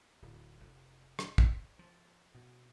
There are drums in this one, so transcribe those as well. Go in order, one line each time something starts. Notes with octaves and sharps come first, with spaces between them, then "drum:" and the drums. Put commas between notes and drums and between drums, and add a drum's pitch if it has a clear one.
D1
F1
drum: rim click
drum: kick
F3
B2